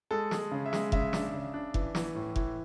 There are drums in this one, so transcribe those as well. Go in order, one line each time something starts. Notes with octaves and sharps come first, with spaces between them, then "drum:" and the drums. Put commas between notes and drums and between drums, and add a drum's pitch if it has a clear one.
G#3 A4
G#3, drum: snare
C#3
E5
G#3, drum: snare
C#3 E5, drum: kick F1
D4, drum: snare
C#3
D4
E3, drum: kick F1
E3, drum: snare
A2
E3, drum: kick F1